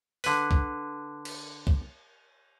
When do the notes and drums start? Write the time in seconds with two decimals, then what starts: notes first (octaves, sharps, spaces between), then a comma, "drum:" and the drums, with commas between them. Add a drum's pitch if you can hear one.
0.24 D3 B4, drum: open hi-hat
0.51 drum: kick
1.25 drum: cymbal
1.67 drum: kick